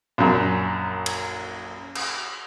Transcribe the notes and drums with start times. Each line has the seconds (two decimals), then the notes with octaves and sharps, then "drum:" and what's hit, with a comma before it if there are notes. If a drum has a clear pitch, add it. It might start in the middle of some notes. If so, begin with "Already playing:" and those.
0.18 A#1 F#2
1.06 drum: cymbal
1.96 drum: cymbal